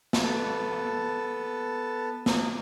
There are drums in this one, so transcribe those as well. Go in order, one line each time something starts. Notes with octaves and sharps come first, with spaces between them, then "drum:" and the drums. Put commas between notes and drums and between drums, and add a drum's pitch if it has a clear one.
drum: snare
B3 A4
drum: snare